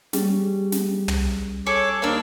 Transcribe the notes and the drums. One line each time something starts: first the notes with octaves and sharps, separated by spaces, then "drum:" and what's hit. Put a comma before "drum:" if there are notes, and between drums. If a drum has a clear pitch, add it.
G3 C#4 G#4, drum: snare
drum: snare
drum: tom
G#4 A4 C#5 D6
D#2 A#3 D4 A#4 F5 E6